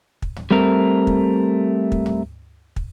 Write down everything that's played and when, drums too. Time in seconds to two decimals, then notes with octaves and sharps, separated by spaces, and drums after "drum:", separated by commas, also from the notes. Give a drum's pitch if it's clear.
0.22 drum: kick
0.36 drum: tom
0.51 G3 A3 C4 A#4
1.07 drum: kick
1.92 drum: kick
2.06 drum: tom
2.76 drum: kick